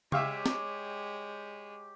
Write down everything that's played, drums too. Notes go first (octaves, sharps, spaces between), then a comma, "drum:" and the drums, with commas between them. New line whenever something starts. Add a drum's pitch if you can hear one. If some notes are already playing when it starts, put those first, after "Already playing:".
G#3 G4 C#5 E5 F5 C#6, drum: tom C#3
drum: snare